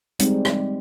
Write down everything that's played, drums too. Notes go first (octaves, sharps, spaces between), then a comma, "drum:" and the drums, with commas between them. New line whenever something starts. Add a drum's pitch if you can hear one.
G3 G#3 C4 D#4, drum: hi-hat
drum: rim click